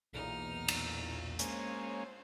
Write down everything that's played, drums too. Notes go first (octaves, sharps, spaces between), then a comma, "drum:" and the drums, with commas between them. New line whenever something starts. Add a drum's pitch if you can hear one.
B1 E2 A#2 D#4 F6
drum: cymbal
G#3 A#3 C#4 C5 C#5, drum: hi-hat